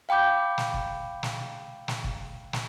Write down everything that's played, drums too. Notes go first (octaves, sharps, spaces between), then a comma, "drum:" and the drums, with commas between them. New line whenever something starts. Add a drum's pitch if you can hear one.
F5 G5 B5 D6 G6
drum: snare
drum: kick
drum: snare
drum: snare
drum: kick
drum: snare